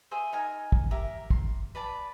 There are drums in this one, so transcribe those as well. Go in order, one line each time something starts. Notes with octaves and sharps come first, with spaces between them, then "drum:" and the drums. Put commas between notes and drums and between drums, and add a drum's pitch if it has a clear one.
G#4 C5 E5
D#4 A#4 G#5
drum: kick
G4 A#4 E5
C6, drum: kick
B4 D5 A5 B5